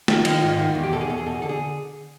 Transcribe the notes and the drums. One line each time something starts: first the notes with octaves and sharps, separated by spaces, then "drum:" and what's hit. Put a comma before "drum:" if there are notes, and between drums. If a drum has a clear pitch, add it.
D#3 F4, drum: snare
F4
D#3, drum: cymbal
F4
G#2 F4
D#3 F4
E2
G4
B2 A4
G#4
E2 A4
G#4
B2 A4
G#4
D3 A4
G#4